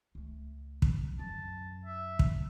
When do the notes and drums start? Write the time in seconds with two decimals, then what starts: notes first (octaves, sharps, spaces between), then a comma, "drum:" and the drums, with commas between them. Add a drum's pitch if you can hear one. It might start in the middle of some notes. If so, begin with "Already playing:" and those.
0.15 C#2 A3
0.82 drum: kick
1.19 F#2 A5
1.85 E5
2.19 drum: kick